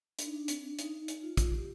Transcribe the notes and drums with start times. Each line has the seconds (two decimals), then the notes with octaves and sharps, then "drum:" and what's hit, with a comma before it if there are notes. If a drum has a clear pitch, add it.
0.19 D4, drum: hi-hat
0.26 D#4
0.34 D4
0.48 C4, drum: hi-hat
0.64 D4
0.79 D#4, drum: hi-hat
0.94 D#4
1.08 D#4, drum: hi-hat
1.23 F4
1.37 F4, drum: kick, hi-hat
1.53 G4